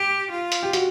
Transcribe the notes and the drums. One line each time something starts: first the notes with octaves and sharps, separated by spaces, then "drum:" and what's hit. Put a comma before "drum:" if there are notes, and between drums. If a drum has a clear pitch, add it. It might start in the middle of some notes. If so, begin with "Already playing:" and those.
Already playing: G4
F4
drum: hi-hat
G4
F#4, drum: hi-hat